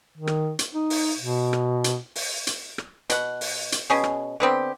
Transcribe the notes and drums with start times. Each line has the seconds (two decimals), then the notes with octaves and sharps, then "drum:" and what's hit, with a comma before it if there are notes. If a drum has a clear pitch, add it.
0.18 D#3
0.27 drum: rim click
0.59 drum: hi-hat
0.75 D#4
0.90 drum: open hi-hat
1.18 B2
1.53 drum: rim click
1.84 drum: hi-hat
2.16 drum: open hi-hat
2.47 drum: hi-hat
2.78 drum: rim click
3.10 B2 F#5, drum: hi-hat
3.41 drum: open hi-hat
3.72 drum: hi-hat
3.90 B2 C#4 G#4
4.04 drum: rim click
4.40 D3 B3 C4 G4